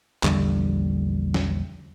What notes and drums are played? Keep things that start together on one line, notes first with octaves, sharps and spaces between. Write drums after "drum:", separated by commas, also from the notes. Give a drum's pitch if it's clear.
A#1 E2 D3 G3, drum: clap
drum: snare